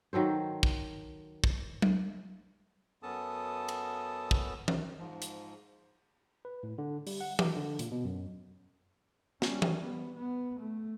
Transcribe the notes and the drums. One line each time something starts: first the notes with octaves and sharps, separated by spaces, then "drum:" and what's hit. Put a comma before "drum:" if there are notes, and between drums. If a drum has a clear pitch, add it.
D#3 F#3 A4 C5
drum: kick
drum: kick
drum: tom F#3
F#2 B3 C#4 A4 A5 D#6
drum: cymbal
drum: kick
drum: tom E3
G#2 F3
drum: hi-hat
B4
A2
D3
G3, drum: open hi-hat
F#5
D6, drum: tom E3
D3
A#2, drum: hi-hat
B2
F#2
G3 C#4, drum: snare
drum: tom E3
B3
B3
A3